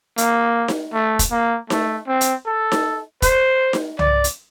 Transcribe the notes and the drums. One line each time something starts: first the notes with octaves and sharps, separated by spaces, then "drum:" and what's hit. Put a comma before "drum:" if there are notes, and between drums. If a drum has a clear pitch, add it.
A#3, drum: hi-hat
drum: snare D#4
A3
drum: kick, hi-hat
A#3
A3, drum: snare D#4
C4
drum: hi-hat
A4
drum: snare D#4
C5, drum: kick, hi-hat
drum: snare D#4
D5, drum: tom C2
drum: hi-hat